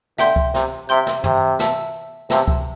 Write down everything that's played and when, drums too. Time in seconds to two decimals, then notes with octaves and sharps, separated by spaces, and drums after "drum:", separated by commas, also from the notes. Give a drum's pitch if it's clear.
0.19 D3 E5 G5 C6 G6, drum: snare
0.36 drum: kick C#2
0.54 C3, drum: snare
0.89 C3 E5 G5 C6 G6
1.07 drum: snare
1.24 C3, drum: tom
1.59 E5 A5 E6, drum: snare
2.30 C3 E5 A5 E6, drum: snare
2.48 drum: kick C#2